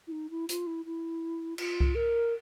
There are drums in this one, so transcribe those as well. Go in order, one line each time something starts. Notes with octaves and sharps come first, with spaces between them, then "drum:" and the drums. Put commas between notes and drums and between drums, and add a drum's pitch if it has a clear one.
E4
D#4
E4
F4, drum: hi-hat
E4
E4
F4, drum: cymbal
drum: kick C2
A#4